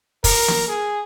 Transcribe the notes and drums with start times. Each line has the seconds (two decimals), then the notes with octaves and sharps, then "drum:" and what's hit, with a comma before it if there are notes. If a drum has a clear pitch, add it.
0.24 A#4, drum: kick, open hi-hat
0.48 drum: snare
0.68 G#4